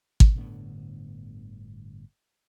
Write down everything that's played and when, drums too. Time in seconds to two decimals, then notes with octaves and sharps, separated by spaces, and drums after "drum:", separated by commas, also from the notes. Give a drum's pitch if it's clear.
0.20 drum: kick
0.35 G1 A2 D3 B3